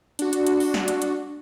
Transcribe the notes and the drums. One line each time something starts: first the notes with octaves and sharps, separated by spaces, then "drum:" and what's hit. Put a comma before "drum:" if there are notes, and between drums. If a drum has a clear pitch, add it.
D4 F#4, drum: hi-hat
drum: hi-hat
drum: hi-hat
drum: open hi-hat
drum: snare
drum: hi-hat
drum: hi-hat